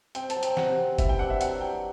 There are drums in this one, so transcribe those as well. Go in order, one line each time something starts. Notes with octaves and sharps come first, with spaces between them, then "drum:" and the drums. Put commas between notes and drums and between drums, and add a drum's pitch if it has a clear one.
C4 G5, drum: hi-hat
A5, drum: hi-hat
F#3
G5, drum: hi-hat
C3 F#5, drum: snare
C4
E3 E5, drum: kick, hi-hat
G5
D4 F#5
E5
F#3 F#5, drum: hi-hat
F#3 G5